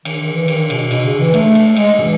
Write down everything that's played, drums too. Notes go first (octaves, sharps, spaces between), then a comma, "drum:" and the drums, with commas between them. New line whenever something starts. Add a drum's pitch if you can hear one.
D#3, drum: cymbal
D#3
E3
D#3, drum: cymbal
B2, drum: cymbal
B2, drum: cymbal
C#3
E3
A3, drum: cymbal
drum: cymbal
G#3, drum: cymbal
E3, drum: tom